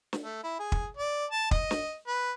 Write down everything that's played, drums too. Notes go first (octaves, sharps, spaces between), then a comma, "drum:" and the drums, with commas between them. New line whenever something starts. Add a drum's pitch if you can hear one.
drum: snare
A3
E4
G#4
drum: kick
D5
A5
D#5, drum: kick
drum: snare
B4